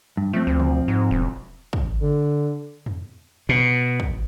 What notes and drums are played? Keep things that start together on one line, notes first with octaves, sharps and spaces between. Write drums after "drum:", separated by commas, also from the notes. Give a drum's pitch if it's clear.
G2
F3 A3 C4
D2
drum: tom B2
G#2
E1
drum: kick
D3
drum: tom E2
B2
drum: kick